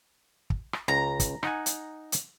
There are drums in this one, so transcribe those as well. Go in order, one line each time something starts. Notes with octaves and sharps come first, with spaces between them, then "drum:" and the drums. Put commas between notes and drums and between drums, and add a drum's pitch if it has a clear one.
drum: kick
drum: rim click
C#2 A#5
drum: kick, hi-hat
D#4 F#5 G#5, drum: rim click
drum: hi-hat
drum: hi-hat